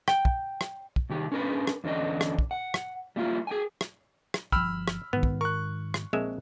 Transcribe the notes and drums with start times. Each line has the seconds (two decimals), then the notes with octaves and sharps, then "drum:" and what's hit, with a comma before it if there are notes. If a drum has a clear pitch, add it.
0.08 G5, drum: rim click
0.25 drum: kick
0.61 drum: rim click
0.96 drum: kick
1.10 C2 D#3 G4
1.32 C#4 D4 G#4 A#4 B4 B5
1.67 drum: rim click
1.84 E2 D3 C#4 D4 D#5
2.21 drum: rim click
2.39 drum: kick
2.51 F#5
2.74 drum: rim click
3.16 G3 A#3 E4 F4
3.47 G#4 G5 G#5
3.81 drum: rim click
4.34 drum: rim click
4.52 G1 F3 G5 B5 E6 F6, drum: kick
4.88 drum: rim click
5.13 G#2 D#3 B3
5.23 drum: kick
5.41 A#4 C#6 F#6
5.94 drum: rim click
6.13 A#1 G#3 C4 E5